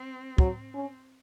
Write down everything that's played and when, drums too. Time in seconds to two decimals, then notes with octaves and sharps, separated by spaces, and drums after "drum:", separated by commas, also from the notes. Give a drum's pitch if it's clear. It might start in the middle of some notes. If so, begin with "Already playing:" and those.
Already playing: C4
0.38 F#3, drum: kick
0.74 C#4